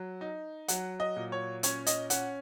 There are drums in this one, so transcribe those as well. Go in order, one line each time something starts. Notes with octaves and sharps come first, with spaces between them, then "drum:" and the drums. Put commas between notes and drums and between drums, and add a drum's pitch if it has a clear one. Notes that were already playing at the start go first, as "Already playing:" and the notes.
Already playing: F#3
D#4
F#3 F#5, drum: hi-hat
D#5
A#2
C#5
C#4 C#5, drum: hi-hat
D#5, drum: hi-hat
C#4 F#5, drum: hi-hat